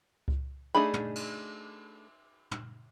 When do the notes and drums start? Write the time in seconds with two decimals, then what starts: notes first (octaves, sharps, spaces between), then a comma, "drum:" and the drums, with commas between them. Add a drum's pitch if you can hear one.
0.28 drum: kick C#2
0.75 A3 D4 D#4 G#4 B5
0.94 drum: tom
1.16 drum: cymbal
2.51 drum: tom